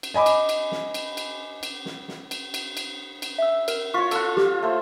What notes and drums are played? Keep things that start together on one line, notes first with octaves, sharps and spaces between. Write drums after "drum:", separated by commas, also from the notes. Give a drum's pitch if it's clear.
drum: cymbal
D#5 G#5 B5 D6
drum: cymbal
drum: cymbal
drum: snare
drum: cymbal
drum: cymbal
drum: cymbal
drum: snare
drum: snare
drum: cymbal
drum: cymbal
drum: cymbal
drum: cymbal
E5 E6
A#4, drum: cymbal
F4 C#5 C#6 B6
F4 A4, drum: cymbal
G4, drum: snare
A3 C5